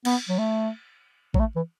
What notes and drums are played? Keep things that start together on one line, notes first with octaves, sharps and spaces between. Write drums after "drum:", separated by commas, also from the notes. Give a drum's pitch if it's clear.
B3, drum: cymbal
F#3
A3
F#3, drum: kick
A3
E3